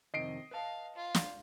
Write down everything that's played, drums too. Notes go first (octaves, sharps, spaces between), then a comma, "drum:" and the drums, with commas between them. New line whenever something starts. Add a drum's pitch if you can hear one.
F2 C3 D#3 D#5 C7 D7
B4 F5 A5
F4
drum: snare